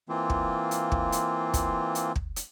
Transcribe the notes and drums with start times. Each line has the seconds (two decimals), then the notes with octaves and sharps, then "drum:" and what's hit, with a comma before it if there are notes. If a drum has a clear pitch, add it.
0.09 E3 A#3 C4 F4
0.30 drum: kick
0.71 drum: hi-hat
0.92 drum: kick
1.12 drum: hi-hat
1.54 drum: kick, hi-hat
1.95 drum: hi-hat
2.16 drum: kick
2.36 drum: hi-hat